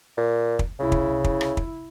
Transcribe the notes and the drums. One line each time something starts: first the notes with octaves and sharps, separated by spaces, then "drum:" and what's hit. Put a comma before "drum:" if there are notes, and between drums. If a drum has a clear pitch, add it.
A#2
drum: kick
C2 C#3 E4
drum: kick
E4, drum: kick
drum: rim click
drum: kick